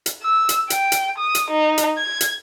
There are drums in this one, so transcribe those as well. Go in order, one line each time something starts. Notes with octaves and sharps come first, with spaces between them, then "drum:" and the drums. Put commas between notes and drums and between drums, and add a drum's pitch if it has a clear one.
drum: hi-hat
E6
drum: hi-hat
G5, drum: hi-hat
drum: hi-hat
D#6
drum: hi-hat
D#4
drum: hi-hat
G#6
drum: hi-hat